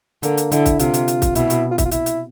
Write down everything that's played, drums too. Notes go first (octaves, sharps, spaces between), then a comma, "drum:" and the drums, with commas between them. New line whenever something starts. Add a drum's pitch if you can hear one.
D3 A#3, drum: hi-hat
drum: hi-hat
D3 E4, drum: hi-hat
drum: kick, hi-hat
C3 F4, drum: hi-hat
drum: hi-hat
drum: hi-hat
drum: kick, hi-hat
B2 E4, drum: hi-hat
drum: hi-hat
F4
E4, drum: kick, hi-hat
F4
E4, drum: hi-hat
drum: hi-hat